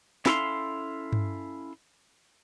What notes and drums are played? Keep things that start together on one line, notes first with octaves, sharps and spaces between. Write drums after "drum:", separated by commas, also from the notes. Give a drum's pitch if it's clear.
C#4 E4 A4 E5 F5 C6, drum: snare
drum: tom G2